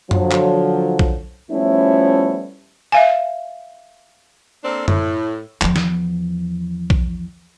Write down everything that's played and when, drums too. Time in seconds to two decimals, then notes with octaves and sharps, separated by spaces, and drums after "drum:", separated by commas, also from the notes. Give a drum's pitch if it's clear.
0.11 D3 F3 F#3, drum: tom F#2
0.31 drum: clap
0.99 drum: kick A#1
1.51 F3 G3 A3 B3 C#4 E4
2.92 E5 F5 G#5
4.63 A#3 C4 D4 A4 D5
4.88 A2, drum: tom F#2
5.61 E2 F3, drum: clap
5.76 drum: snare
6.90 drum: kick A#1